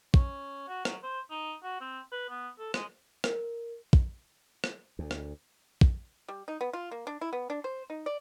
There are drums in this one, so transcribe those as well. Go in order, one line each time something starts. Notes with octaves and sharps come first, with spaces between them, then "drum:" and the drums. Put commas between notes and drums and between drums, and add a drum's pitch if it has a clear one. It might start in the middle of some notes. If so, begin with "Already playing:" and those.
C#4, drum: kick
F#4
F#3, drum: rim click
C5
D#4
F#4
C4
B4
B3
A4
G#3, drum: rim click
A#4, drum: rim click
drum: kick
drum: rim click
D2
drum: rim click
drum: kick
G3
D#4
B3
F4
A#3
D4
E4
B3
D4
C5
D#4
D5